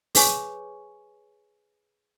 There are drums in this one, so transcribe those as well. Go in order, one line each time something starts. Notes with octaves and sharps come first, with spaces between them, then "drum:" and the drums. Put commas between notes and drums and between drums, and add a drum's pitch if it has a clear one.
G#4 B4 C#5 G#5 C#6, drum: open hi-hat